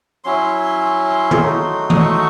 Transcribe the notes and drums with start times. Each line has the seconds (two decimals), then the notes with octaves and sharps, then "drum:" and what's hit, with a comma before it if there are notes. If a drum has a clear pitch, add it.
0.24 F#3 C#4 E4 C6
1.31 drum: tom
1.41 F#3 A3 D#4 F#4
1.90 D#6, drum: tom D#3
1.99 C#6